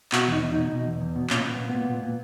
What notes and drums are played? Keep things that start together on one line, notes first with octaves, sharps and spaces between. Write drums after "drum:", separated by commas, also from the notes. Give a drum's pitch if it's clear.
B2 F#4, drum: clap
E2 D#4
E2
D#4
B2
B2
E2
E2
B2
A#2 C#4, drum: clap
A#2 B3
A#2
B3
A#2
A#2
A#2